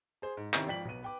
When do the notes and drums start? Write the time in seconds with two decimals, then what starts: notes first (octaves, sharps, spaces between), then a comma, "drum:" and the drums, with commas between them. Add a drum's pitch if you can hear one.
0.22 G#4 C5
0.37 G#2
0.54 C3 D#3 C4 C#4 E4, drum: clap
0.66 G#1 F3 D5 G5 B6 F#7
0.85 B1 B3 D#7
1.02 B4 G5 D6